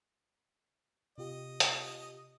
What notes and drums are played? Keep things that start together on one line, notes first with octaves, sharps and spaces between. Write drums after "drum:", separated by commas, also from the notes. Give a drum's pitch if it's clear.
C3 F4 G4 D#5
drum: hi-hat